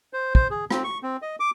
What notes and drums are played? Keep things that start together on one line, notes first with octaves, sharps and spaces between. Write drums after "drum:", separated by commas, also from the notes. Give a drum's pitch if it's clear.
C5
C5, drum: kick
G#4
C4, drum: rim click
C#6
C4
D#5
D6